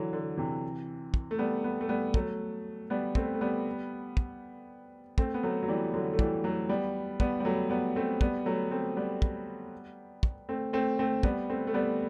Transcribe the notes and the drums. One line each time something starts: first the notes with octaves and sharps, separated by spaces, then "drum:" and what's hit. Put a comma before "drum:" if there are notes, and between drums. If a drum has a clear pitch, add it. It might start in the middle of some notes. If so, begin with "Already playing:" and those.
Already playing: D3 E3 F#3
D3
C3 E3
drum: kick
A3
G3 B3
G3 B3
A3
G3 B3
F#3 A3, drum: kick
G3 B3
A3 C4, drum: kick
A3
G3 B3
drum: kick
A3 C4, drum: kick
B3
F#3 A3
F#3
E3 G3
D3 F#3
A3
E3 G3, drum: kick
F#3 A3
G3 B3
G3 B3, drum: kick
G3
F#3 A3
G3 B3
A3 C4
G3 B3, drum: kick
F#3 A3
A3 C4
G3 B3
drum: kick
drum: kick
A3 C4
A3 C4
A3 C4
G3 B3, drum: kick
A3 C4
A3
G3 B3